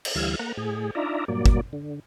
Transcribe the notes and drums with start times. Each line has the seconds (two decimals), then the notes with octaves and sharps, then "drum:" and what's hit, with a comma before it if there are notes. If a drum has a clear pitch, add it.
0.05 drum: cymbal
0.15 D2 E3 G3 F5 E6 G#6
0.39 A#3 F#5 A#5
0.57 A2 G#4
0.95 D4 D#4 F4 D5 E5 A#5
1.28 G2 A#2 F#3 A#3 D5
1.46 drum: kick
1.73 D3